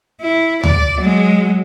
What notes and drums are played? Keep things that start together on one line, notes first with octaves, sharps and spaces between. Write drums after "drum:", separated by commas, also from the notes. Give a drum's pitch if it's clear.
E4
D5, drum: tom D2
F#3 G#3